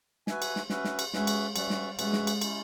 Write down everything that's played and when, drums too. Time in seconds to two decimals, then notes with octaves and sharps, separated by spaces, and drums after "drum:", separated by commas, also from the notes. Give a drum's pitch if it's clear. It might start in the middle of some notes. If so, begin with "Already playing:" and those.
0.27 F#4 B4 E5 G#5, drum: snare
0.42 drum: cymbal
0.56 drum: snare
0.70 C#4 F#4 B4 E5, drum: snare
0.84 drum: snare
0.99 drum: cymbal
1.13 G#3 C#4 F#4 B4 E5, drum: snare
1.27 drum: cymbal
1.56 G3 C#4 F#4 B4 E5, drum: cymbal
1.70 drum: snare
1.99 G#3 C#4 F#4 B4 E5, drum: cymbal
2.13 drum: snare
2.27 drum: cymbal
2.41 G#3 C#4 E4, drum: cymbal